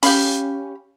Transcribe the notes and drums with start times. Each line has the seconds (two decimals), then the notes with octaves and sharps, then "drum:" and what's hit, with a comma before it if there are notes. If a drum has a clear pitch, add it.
0.03 C#4 G4 F5 B5, drum: open hi-hat